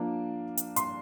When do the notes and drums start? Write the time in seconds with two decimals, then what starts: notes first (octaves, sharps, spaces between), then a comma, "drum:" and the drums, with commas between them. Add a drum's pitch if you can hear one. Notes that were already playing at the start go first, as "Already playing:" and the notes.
Already playing: F3 A#3 D4
0.57 drum: hi-hat
0.76 C6, drum: hi-hat